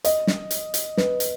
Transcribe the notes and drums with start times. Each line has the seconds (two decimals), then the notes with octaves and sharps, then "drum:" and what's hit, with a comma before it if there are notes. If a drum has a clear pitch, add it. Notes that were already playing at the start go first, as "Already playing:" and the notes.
0.04 D#5, drum: hi-hat
0.27 drum: snare
0.51 drum: hi-hat
0.74 drum: hi-hat
0.97 B4, drum: snare
1.20 drum: hi-hat